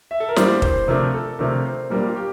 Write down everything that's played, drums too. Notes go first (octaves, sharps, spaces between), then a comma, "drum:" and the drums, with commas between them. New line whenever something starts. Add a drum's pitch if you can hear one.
E5
A4
A#4
A2 G3 A#3 D4 C5, drum: snare
C5, drum: kick
C3 F3 A3 D4 A#4
A4
C3 F3 A3 D4 A#4
C5
A#2 G3 A#3 D4 A#4
F4
G4